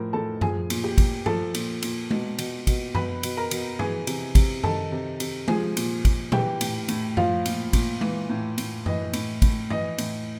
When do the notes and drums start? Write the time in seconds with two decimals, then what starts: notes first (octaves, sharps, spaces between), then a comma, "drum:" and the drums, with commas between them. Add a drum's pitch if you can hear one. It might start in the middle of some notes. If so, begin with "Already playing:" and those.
Already playing: A2 F3 A#4
0.13 A2 A4 A5
0.41 F3 G#4 G#5, drum: tom F#2
0.70 A#2, drum: cymbal
0.84 G4 G5
0.98 A#2, drum: kick, cymbal
1.26 F3 A4 A5, drum: tom G2
1.54 A#2, drum: cymbal
1.82 A#2, drum: cymbal
2.11 B2, drum: tom G#3
2.38 B2, drum: cymbal
2.67 B2, drum: kick, cymbal
2.95 B2 B4 B5, drum: tom F#2
3.23 B2, drum: cymbal
3.37 A#4 A#5
3.51 B2, drum: cymbal
3.79 E3 G#4 G#5, drum: tom G2
4.07 C3, drum: cymbal
4.35 C3, drum: kick, cymbal
4.64 D#3 A4 A5, drum: tom F#2
4.92 C3
5.20 C3, drum: cymbal
5.48 F3 G#4 G#5, drum: tom G#3
5.77 A#2, drum: cymbal
6.05 A#2, drum: kick, cymbal
6.32 E3 G4 G5, drum: tom A#2
6.61 A2, drum: cymbal
6.88 A2, drum: cymbal
7.17 F3 F4 F5, drum: tom F#2
7.45 A#2, drum: cymbal
7.73 A#2, drum: kick, cymbal
8.01 E3, drum: tom G#3
8.29 A2
8.58 A2, drum: cymbal
8.86 E3 D#5, drum: tom F#2
9.13 A2, drum: cymbal
9.42 A2, drum: kick, cymbal
9.70 E3 D#5, drum: tom G2
9.98 A2, drum: cymbal